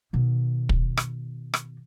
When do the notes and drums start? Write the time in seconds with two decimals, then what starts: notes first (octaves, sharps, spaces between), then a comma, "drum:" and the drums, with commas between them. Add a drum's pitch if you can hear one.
0.13 B2 D#3
0.69 drum: kick
0.97 drum: rim click
1.54 drum: rim click